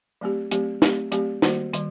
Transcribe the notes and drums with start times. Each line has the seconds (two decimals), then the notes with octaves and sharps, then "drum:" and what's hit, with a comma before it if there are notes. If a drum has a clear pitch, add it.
0.21 F#3 A3 C4 G4
0.51 F#3 A3 C4 G4, drum: hi-hat
0.82 F#3 A3 C4 G4, drum: snare
1.12 F#3 A3 C4 G4, drum: hi-hat
1.42 D#3 G3 A#3 F#4 C5, drum: snare
1.74 D#3 G3, drum: hi-hat